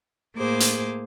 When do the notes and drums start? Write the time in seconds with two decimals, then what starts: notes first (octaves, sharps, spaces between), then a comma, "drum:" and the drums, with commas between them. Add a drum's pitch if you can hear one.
0.36 A2 A#3 G#4 C5 D6
0.60 drum: hi-hat